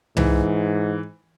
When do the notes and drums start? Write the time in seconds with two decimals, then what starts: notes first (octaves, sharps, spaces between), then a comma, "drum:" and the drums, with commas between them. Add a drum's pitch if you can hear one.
0.17 G#2 E3, drum: tom C2